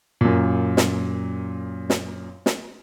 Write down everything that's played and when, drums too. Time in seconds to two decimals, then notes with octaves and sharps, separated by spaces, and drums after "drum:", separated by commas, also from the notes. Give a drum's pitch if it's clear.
0.21 F#2 A#2
0.77 drum: snare
1.90 drum: snare
2.46 drum: snare